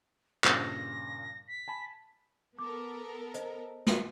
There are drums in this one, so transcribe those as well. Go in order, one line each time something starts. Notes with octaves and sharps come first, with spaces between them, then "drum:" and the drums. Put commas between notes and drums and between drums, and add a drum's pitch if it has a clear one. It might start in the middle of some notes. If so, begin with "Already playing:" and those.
G2 A#2 C#3 A#6, drum: clap
B6
G#5 A5 B5
B3 A4 A#4 D6
C5 D#5, drum: hi-hat
drum: snare